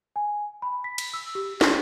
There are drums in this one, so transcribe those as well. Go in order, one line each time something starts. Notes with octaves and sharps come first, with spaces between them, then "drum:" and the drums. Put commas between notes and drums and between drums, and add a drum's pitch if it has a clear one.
G#5
B5
B6
drum: cymbal
E6
G4
C6, drum: snare